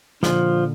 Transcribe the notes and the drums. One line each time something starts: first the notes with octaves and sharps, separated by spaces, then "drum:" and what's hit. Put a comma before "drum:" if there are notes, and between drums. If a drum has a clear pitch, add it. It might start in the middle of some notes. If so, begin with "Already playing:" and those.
A#2 D3 F3, drum: snare